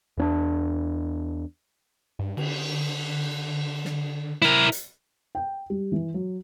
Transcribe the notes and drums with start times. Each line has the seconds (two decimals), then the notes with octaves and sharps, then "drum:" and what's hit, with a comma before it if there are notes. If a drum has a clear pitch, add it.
0.17 E2 C#4 D4
2.19 G2
2.37 D3, drum: cymbal
3.85 drum: snare
4.42 E4 A#4, drum: snare
4.72 drum: hi-hat
5.35 G5
5.70 G3
5.92 E3
6.14 F#3